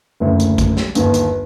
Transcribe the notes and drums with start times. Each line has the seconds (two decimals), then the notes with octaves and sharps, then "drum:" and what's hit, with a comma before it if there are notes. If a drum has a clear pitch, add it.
0.20 F#1 D2
0.40 drum: hi-hat
0.58 drum: kick A#1, hi-hat
0.77 drum: snare
0.95 G1 D#2, drum: hi-hat
1.14 drum: hi-hat